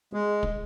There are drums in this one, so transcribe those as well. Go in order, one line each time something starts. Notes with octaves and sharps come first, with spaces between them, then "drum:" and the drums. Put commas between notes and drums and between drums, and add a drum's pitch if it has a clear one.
G#3
drum: kick